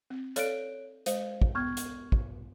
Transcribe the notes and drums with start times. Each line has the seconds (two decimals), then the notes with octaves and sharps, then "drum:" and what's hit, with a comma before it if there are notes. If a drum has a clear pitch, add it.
0.10 C4
0.36 A4 C#5 D5 F5 F#6 D7, drum: hi-hat
1.06 G#3 C5 F5, drum: hi-hat
1.42 drum: kick
1.55 B3 C#6 F6 G#6
1.77 drum: hi-hat
2.12 drum: kick